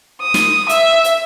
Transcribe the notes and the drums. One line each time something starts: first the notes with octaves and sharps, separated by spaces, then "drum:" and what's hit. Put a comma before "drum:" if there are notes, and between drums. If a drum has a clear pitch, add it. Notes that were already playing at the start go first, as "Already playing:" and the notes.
D#6
drum: snare
E5, drum: hi-hat
drum: hi-hat